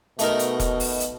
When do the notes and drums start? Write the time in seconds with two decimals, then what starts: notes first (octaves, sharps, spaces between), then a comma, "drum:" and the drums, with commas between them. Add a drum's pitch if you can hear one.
0.19 B2 A3 D#4 A#4, drum: hi-hat
0.39 drum: hi-hat
0.60 drum: kick E1, hi-hat
0.80 drum: open hi-hat
1.00 drum: hi-hat